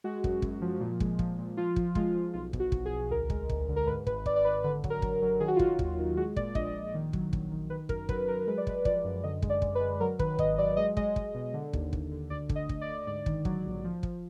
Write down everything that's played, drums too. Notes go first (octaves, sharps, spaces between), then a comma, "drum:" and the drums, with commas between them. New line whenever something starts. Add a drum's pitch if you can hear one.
G#3 F#4
F#2, drum: kick
F#2, drum: kick
F3
A#2
G#3, drum: kick
F3, drum: kick
A#2
F3 F4
F3, drum: kick
G#3 F4, drum: kick
F3
B1 F4
B2, drum: kick
F#4
B1, drum: kick
G#4
B1
D2 A#4
G#3, drum: kick
D2, drum: kick
D3
A#4
G#2 B4
G#1 B4, drum: kick
G#1 D5, drum: kick
D5
G#1 B4
D3 B4
F#3, drum: kick
A#4
F#3, drum: kick
F#3
D#3 G#4
F#4
F4
F#3 F#4, drum: kick
D#2, drum: kick
D#3
G#3 F#4
A#2 D5, drum: kick
A#1 D#5, drum: kick
A#1
D#3
F#3, drum: kick
A#1, drum: kick
D#3
D#3 B4
F#2 A#4, drum: kick
F#3 B4, drum: kick
F#3 A#4
G#3 B4
D5
G#3 B4, drum: kick
F3 D5, drum: kick
F#2
D3 D#5
G#3, drum: kick
D5
G#3, drum: kick
B4
G#3
F#3 A#4
D#3 B4, drum: kick
G#1 D#5, drum: kick
F#3 D5
G#3 D#5
G#3 D#5, drum: kick
G#3, drum: kick
B2
D3
D#2, drum: kick
D#2, drum: kick
D3
D2 D5
D3, drum: kick
D#5
D2, drum: kick
D5
D3
G#2 D5
D#3, drum: kick
F#3, drum: kick
A#1
F3
F3, drum: kick